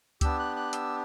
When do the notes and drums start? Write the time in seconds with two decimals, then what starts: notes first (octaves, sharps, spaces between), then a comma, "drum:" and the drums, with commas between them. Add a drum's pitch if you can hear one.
0.21 B3 D4 G4 E6, drum: kick C#2, hi-hat
0.39 F#6
0.56 F#6
0.73 E6, drum: hi-hat